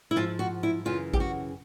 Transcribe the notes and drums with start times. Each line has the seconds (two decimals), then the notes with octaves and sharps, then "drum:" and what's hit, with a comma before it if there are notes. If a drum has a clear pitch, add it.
0.11 E4
0.16 G#2 F3 F4
0.39 F#4
0.63 E4
0.85 F#2 C#3 E3 F4
1.13 G4, drum: kick A1
1.20 F#4